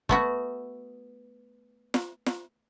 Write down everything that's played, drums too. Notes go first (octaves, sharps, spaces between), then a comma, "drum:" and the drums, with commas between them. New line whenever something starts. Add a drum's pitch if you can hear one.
A3 B3 F#4, drum: kick
drum: snare
drum: snare